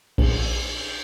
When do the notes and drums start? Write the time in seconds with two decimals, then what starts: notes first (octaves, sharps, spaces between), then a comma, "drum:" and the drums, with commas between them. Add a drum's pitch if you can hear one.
0.18 A#1, drum: cymbal